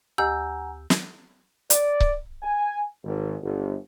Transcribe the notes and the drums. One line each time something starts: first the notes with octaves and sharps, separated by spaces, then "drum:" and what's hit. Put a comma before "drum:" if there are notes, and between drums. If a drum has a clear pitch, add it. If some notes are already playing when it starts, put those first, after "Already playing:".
D2 G4 F#5 G#5 A#5 E6 G6
drum: snare
D5, drum: hi-hat
drum: kick C#1
G#5
G#1
G1